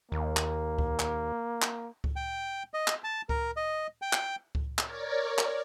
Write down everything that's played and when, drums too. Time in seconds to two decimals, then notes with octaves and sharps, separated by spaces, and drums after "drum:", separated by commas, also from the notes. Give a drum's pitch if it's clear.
0.12 D#2 A#3
0.37 drum: clap
0.78 drum: kick C#2
0.99 drum: clap
1.62 drum: clap
2.04 drum: kick C#2
2.16 G5
2.74 D#5
2.88 drum: clap
3.04 A5
3.29 A#4, drum: kick C#2
3.57 D#5
4.02 G5
4.13 drum: clap
4.55 drum: kick C#2
4.78 A#4 C#5 D5, drum: clap
5.38 drum: clap